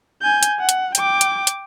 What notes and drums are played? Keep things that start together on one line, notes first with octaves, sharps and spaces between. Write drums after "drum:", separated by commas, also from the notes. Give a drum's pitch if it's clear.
G#5 G6
drum: hi-hat
F#5
drum: hi-hat
G5 D6, drum: hi-hat
drum: hi-hat
drum: hi-hat